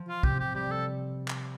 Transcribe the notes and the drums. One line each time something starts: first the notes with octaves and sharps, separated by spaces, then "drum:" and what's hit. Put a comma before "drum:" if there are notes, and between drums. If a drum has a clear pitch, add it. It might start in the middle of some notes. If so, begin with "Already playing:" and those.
Already playing: F3
F4
C3 G4, drum: kick
G4
G3 G4
A4
drum: clap